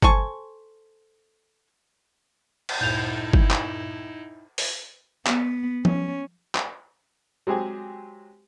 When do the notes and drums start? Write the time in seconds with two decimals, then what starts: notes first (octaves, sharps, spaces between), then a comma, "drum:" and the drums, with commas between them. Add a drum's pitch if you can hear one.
0.02 A4 C5 G#5 C#6, drum: kick G1
2.69 drum: cymbal
2.81 D2 G2 A#2 D#4 E4 G6 F7
3.33 drum: kick G1
3.51 drum: clap
4.58 drum: open hi-hat
5.27 B3, drum: clap
5.85 C#4, drum: tom F3
6.55 drum: clap
7.47 F#3 G#3 C4 G4 G#4